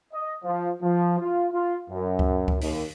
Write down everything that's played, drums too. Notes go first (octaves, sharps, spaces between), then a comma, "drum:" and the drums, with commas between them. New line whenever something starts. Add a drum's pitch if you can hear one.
D#5
F3
F3
F4
F4
F#2
drum: kick C#2
drum: kick C#2
D#2, drum: open hi-hat